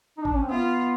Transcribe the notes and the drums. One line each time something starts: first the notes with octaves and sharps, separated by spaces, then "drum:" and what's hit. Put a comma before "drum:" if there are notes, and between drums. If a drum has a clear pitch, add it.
D#4
D4, drum: kick G#1
C#4
C4
B3 F4